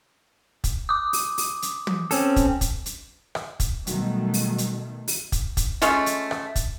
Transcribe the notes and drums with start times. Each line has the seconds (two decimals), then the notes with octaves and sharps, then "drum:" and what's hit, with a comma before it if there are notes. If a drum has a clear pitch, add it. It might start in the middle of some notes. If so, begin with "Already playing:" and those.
0.64 drum: kick, hi-hat
0.89 D6 D#6
1.13 drum: open hi-hat
1.38 drum: open hi-hat
1.62 drum: hi-hat
1.87 drum: tom
2.11 C4 C#4 A4, drum: open hi-hat
2.36 drum: kick, hi-hat
2.61 drum: kick, hi-hat
2.86 drum: hi-hat
3.35 drum: rim click
3.60 drum: kick, hi-hat
3.87 B2 D#3 F#3 G3 A3 F#4, drum: hi-hat
4.34 drum: open hi-hat
4.58 drum: hi-hat
5.08 drum: open hi-hat
5.32 drum: kick, hi-hat
5.57 drum: kick, hi-hat
5.82 G#3 A3 C#4 F4, drum: hi-hat
6.06 drum: hi-hat
6.31 drum: rim click
6.56 drum: kick, hi-hat